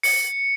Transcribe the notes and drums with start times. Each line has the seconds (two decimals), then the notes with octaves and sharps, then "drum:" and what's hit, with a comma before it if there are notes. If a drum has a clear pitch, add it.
0.03 C#7, drum: open hi-hat